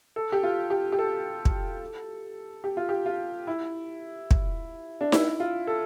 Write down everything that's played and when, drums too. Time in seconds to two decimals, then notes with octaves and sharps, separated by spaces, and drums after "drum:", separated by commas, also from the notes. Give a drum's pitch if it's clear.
0.16 A4
0.32 G4
0.43 F4
0.70 G4
0.92 G4
0.99 A4
1.45 drum: kick
2.64 G4
2.77 F4
2.89 G4
3.06 F4
3.47 E4
4.31 drum: kick
5.01 D4
5.12 E4, drum: snare D#4
5.40 F4
5.67 A4